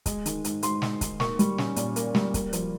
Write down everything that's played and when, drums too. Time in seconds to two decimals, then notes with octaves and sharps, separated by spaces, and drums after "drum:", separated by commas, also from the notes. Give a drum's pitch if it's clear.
0.06 G#3, drum: kick, hi-hat
0.26 D#3, drum: hi-hat
0.44 G#2, drum: hi-hat
0.63 G#2 C6, drum: hi-hat
0.82 G#3, drum: snare
1.01 D#3, drum: kick, hi-hat
1.20 A#3 C#6, drum: snare
1.39 G3, drum: hi-hat
1.58 C#4, drum: snare
1.76 A#2, drum: hi-hat
1.96 A#3, drum: hi-hat
2.15 G3, drum: snare
2.34 A#3, drum: kick, hi-hat
2.53 F3, drum: hi-hat